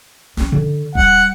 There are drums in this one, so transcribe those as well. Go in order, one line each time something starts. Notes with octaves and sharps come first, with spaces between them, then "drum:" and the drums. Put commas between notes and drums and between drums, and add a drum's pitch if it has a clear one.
C4 C#4, drum: snare
D3
G3 F#5, drum: kick D#1